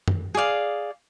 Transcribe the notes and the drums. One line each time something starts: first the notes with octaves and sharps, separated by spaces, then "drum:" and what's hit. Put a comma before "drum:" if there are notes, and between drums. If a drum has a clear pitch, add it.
drum: tom
G#4 D5 F5